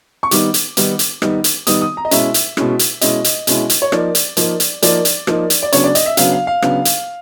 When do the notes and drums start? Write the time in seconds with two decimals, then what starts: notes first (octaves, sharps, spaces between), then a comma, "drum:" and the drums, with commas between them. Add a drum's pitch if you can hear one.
0.23 C#6
0.31 D#3 G3 B3 D#4 D6, drum: hi-hat
0.54 drum: hi-hat
0.77 D#3 G3 B3 D#4, drum: hi-hat
0.99 drum: hi-hat
1.22 D#3 G3 B3 D#4, drum: rim click
1.44 drum: hi-hat
1.67 D#3 G3 B3 D#4 D#6, drum: hi-hat
1.82 D#6
1.97 A#5
2.05 D#5
2.11 B2 G#3 C#4 E4 E5, drum: hi-hat
2.34 drum: hi-hat
2.57 B2 G#3 C#4 E4, drum: rim click
2.79 drum: hi-hat
3.01 B2 G#3 C#4 E4 D#5, drum: hi-hat
3.24 drum: hi-hat
3.47 B2 G#3 C#4 E4, drum: hi-hat
3.70 drum: hi-hat
3.82 C#5
3.92 F3 A#3 D#4 D5, drum: rim click
4.15 drum: hi-hat
4.37 F3 A#3 D#4, drum: hi-hat
4.60 drum: hi-hat
4.82 F3 A#3 D#4 D5, drum: hi-hat
5.05 drum: hi-hat
5.27 F3 A#3 D#4, drum: rim click
5.50 drum: hi-hat
5.63 D5
5.72 C#3 F#3 B3 D4 C#5, drum: hi-hat
5.84 D5
5.95 D#5, drum: hi-hat
6.06 E5
6.17 C#3 F#3 B3 D4 F5, drum: hi-hat
6.33 F5
6.47 F5
6.62 C#3 F#3 B3 D4, drum: rim click
6.85 drum: hi-hat